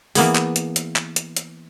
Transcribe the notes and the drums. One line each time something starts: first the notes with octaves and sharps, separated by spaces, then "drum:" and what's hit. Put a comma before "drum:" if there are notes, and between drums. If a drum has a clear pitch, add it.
E3 A#3 B3 G#4, drum: open hi-hat
drum: clap
drum: hi-hat
drum: hi-hat
drum: clap
drum: hi-hat
drum: hi-hat